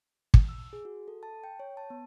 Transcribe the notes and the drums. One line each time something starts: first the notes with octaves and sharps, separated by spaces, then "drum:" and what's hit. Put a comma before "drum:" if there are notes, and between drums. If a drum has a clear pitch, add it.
drum: kick
E6
G#4
F#4
A4
A5
G5
C#5
A5
B3